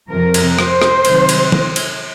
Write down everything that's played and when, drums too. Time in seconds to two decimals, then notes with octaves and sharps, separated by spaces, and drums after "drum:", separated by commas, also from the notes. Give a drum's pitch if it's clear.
0.10 F2 C3 F3 A#4
0.34 drum: cymbal
0.59 C5, drum: rim click
0.82 drum: rim click
1.05 C3 D#3 F#3, drum: cymbal
1.29 drum: cymbal
1.52 drum: tom D#3
1.76 drum: cymbal